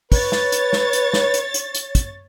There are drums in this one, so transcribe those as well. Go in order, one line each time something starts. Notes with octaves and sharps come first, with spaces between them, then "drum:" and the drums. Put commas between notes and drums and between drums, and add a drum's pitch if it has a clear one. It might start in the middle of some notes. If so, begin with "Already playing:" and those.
B4 C#5 A6, drum: kick, open hi-hat
drum: snare
drum: hi-hat
drum: snare
drum: hi-hat
drum: snare
drum: hi-hat
drum: hi-hat
drum: hi-hat
drum: kick, hi-hat